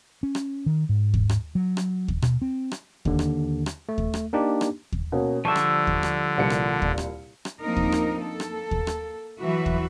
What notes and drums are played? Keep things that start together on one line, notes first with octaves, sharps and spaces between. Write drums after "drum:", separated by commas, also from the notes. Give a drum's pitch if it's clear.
C#4
drum: rim click
D#3
G#2
drum: kick D#2
drum: rim click
F#3
drum: rim click
drum: kick D#2
B2, drum: rim click
C4
drum: rim click
D#2 D3, drum: kick D#2
drum: rim click
drum: rim click
A3
drum: kick D#2
drum: rim click
A#3 D4 D#4 G4
drum: rim click
drum: kick D#2
B2 A#3 C#4
D3 F3 G3 E5 A5 C#6
drum: rim click
drum: kick D#2
drum: rim click
C2 A#2 C#7
drum: rim click
drum: kick D#2
drum: rim click
drum: rim click
F3 A#3 C4 D4 D#4 A#4
drum: kick D#2
drum: rim click
A#3 A4
drum: rim click
drum: kick D#2
drum: rim click
E3 F#3 F#4 B4 E5
drum: kick D#2